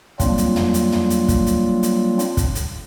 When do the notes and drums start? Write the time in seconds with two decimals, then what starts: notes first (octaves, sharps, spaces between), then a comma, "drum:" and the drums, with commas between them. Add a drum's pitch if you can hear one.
0.20 F#3 G3 A#3 C4 D4 F4, drum: kick, hi-hat
0.38 drum: hi-hat
0.56 drum: tom
0.74 drum: hi-hat
0.92 drum: tom
1.10 drum: hi-hat
1.28 drum: kick, hi-hat
1.46 drum: hi-hat
1.83 drum: hi-hat
2.19 drum: hi-hat
2.37 drum: kick, hi-hat
2.55 drum: hi-hat